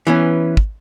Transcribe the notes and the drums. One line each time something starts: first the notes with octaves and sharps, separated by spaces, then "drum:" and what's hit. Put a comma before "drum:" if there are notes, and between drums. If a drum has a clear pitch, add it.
E3 B3 C#4
drum: kick